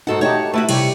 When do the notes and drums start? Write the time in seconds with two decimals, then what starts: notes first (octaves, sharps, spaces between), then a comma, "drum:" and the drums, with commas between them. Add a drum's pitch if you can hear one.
0.07 G#2 D#4 F#4 A4 F#5
0.21 A3 D#4 G4 C#5 F#5 A5
0.53 A3 E4 F#4 B4
0.69 C3 G3 G4 C#5, drum: cymbal